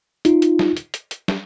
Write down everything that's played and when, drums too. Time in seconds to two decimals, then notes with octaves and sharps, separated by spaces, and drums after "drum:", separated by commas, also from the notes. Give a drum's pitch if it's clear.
0.25 D#4 F4, drum: hi-hat
0.42 drum: hi-hat
0.59 drum: snare
0.77 drum: hi-hat
0.94 drum: hi-hat
1.11 drum: hi-hat
1.28 drum: snare